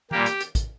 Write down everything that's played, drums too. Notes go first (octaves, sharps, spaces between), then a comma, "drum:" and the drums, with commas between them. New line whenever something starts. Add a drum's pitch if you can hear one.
A#2 G3 A#3 G4, drum: tom E3
drum: hi-hat
drum: hi-hat
drum: kick, hi-hat